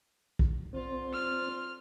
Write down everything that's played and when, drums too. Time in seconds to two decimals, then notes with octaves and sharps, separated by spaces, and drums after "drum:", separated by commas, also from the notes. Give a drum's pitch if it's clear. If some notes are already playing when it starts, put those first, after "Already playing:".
0.39 drum: kick B1
0.73 D3 C4 F4
1.13 F6